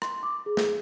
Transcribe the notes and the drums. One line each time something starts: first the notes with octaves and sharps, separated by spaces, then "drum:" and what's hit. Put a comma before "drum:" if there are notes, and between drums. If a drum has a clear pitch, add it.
C6, drum: rim click
D6
G#4
drum: snare